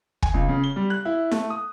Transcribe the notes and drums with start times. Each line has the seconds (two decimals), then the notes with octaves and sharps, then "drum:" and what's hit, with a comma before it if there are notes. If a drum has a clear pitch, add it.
0.22 G#5, drum: kick
0.34 C#2
0.49 C#3
0.64 G7
0.76 G3
0.90 F#6
1.05 E4
1.31 A3, drum: snare E4
1.50 D#6